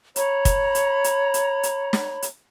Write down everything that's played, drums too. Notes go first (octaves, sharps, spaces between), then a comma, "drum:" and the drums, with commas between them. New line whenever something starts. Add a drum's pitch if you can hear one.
C#5 A#5 B5, drum: hi-hat
drum: kick, hi-hat
drum: hi-hat
drum: hi-hat
drum: hi-hat
drum: hi-hat
drum: snare
drum: hi-hat